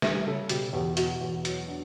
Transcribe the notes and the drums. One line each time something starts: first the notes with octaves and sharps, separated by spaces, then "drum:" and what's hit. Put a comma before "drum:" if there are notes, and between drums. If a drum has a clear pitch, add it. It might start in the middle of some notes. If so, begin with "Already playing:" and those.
G3 E5, drum: snare
C#3 A4
B2 G4, drum: hi-hat
E2 G4
B2 F#4, drum: hi-hat
E2
F#3, drum: hi-hat
D4